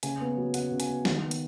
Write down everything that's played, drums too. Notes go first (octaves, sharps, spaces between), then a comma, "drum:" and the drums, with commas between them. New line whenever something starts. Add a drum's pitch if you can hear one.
C#3 G#5, drum: hi-hat
B3
F#3
C#3 F#5, drum: hi-hat
C#3
G#5, drum: hi-hat
B3
D#3 F#5, drum: snare
B3
drum: hi-hat